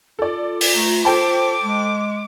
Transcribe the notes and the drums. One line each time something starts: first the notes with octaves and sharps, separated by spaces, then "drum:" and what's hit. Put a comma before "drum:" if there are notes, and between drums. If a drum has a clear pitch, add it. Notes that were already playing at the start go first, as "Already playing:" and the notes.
F4 A4 D5
drum: open hi-hat
A3 A#5
A4 C5 G5 A5 D6
G#3